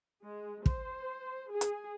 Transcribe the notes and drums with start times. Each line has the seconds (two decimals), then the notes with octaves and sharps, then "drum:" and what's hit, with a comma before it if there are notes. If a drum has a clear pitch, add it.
0.23 G#3
0.66 C5, drum: kick
1.49 G#4
1.61 drum: hi-hat